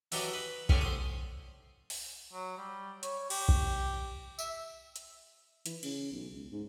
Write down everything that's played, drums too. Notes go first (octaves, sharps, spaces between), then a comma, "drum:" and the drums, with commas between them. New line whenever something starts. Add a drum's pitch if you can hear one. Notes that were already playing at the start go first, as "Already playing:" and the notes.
E3 F#3 D4 G4 D#5, drum: open hi-hat
B4
A2 D3 A3 C#4 G4 G#4, drum: kick B1
C5 D#6
drum: open hi-hat
F#3
G3
C#5, drum: hi-hat
G4, drum: cymbal
drum: kick B1
E5, drum: tambourine
drum: hi-hat
E3, drum: hi-hat
C#3, drum: cymbal
B1
C#2
G#2